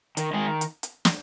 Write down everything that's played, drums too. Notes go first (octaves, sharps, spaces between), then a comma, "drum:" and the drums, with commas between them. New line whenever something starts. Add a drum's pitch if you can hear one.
D#3, drum: hi-hat
D#3 G#3 G#4
drum: hi-hat
drum: hi-hat
drum: snare